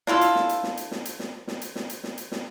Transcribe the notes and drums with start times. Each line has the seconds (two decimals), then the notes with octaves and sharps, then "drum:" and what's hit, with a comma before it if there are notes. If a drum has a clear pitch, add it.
0.07 D4 E4 F4 A4, drum: snare
0.21 drum: hi-hat
0.35 drum: snare
0.49 drum: hi-hat
0.63 drum: snare
0.77 drum: hi-hat
0.91 drum: snare
1.05 drum: hi-hat
1.19 drum: snare
1.47 drum: snare
1.61 drum: hi-hat
1.76 drum: snare
1.90 drum: hi-hat
2.04 drum: snare
2.18 drum: hi-hat
2.32 drum: snare